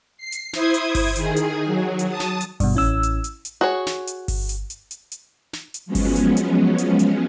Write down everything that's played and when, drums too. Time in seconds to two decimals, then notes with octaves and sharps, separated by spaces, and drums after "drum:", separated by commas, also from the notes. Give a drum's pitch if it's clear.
0.17 C7
0.32 drum: hi-hat
0.53 E4 C5 D#6 G#6, drum: snare
0.74 drum: hi-hat
0.95 drum: kick G1, open hi-hat
1.16 D#3 G#4, drum: hi-hat
1.36 drum: hi-hat
1.66 F#3
1.99 drum: hi-hat
2.09 A5 D#6
2.20 drum: snare
2.41 drum: hi-hat
2.60 G2 B2, drum: kick G1, open hi-hat
2.75 A1 C#4 E6
3.03 drum: hi-hat
3.24 drum: hi-hat
3.45 drum: hi-hat
3.61 F#4 G#4 C#5
3.87 drum: snare
4.07 drum: hi-hat
4.28 drum: kick G1, open hi-hat
4.49 drum: hi-hat
4.70 drum: hi-hat
4.91 drum: hi-hat
5.12 drum: hi-hat
5.53 drum: snare
5.74 drum: hi-hat
5.86 F3 F#3 G#3 B3 C#4
5.95 drum: kick G1, open hi-hat
6.16 drum: hi-hat
6.37 drum: hi-hat
6.78 drum: hi-hat
6.99 drum: hi-hat